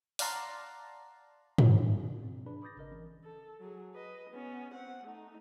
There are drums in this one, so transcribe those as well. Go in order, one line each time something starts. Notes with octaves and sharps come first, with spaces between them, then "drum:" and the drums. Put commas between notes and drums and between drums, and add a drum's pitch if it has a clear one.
D5 F5 F#5 A5 A#5 C6, drum: open hi-hat
drum: tom
B2 C4
D4 G#4 B4 D5 B5
B5 D6 D#6 G6 A6 A#6
G#1 C#3 A#4 D#5
E3 C#4 A#4
A4
F#3 G#4
B4 D#5
B3 C#4
C4 F#5
A3 D#4